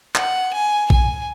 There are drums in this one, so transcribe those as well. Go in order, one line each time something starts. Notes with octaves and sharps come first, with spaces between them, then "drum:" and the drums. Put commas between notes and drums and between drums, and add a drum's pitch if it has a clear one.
F#5, drum: clap
G#5
G#5, drum: kick